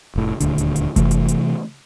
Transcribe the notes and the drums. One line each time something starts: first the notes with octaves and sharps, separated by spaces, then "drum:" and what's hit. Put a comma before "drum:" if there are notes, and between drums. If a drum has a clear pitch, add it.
F1 A2
D#1 D2 D3, drum: hi-hat
drum: hi-hat
drum: hi-hat
C3 E3 A3, drum: kick F#1, hi-hat
drum: hi-hat
drum: hi-hat